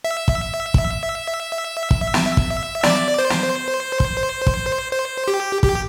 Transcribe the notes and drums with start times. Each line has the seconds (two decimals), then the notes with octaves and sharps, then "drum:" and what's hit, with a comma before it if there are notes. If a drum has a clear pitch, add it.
0.04 E5
0.28 drum: kick
0.74 drum: kick
1.91 drum: kick
2.14 drum: snare
2.37 drum: kick
2.83 D5, drum: snare
3.19 C5
3.30 drum: snare
4.00 drum: kick
4.47 drum: kick
4.93 C5
5.28 G4
5.63 G4, drum: kick